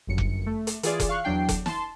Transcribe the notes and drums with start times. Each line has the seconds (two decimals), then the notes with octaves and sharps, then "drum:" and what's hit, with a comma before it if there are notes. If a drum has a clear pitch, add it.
0.07 G1 F#2 C#7
0.18 drum: kick F1
0.46 A3
0.67 drum: hi-hat
0.83 E3 F4 G#4 D5, drum: hi-hat
1.00 drum: kick F1, hi-hat
1.09 F5 C#6 F#6
1.24 E2 F#3 D4 G5 C7
1.49 drum: kick F1, hi-hat
1.66 A5 C6, drum: snare